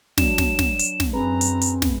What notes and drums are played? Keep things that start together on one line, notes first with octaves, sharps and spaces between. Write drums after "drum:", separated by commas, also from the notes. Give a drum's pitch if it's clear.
F#3 D4 E7, drum: snare
drum: snare
drum: snare
drum: hi-hat
drum: snare
F#2 C4 G#4 B4 A#5
drum: hi-hat
drum: hi-hat
drum: snare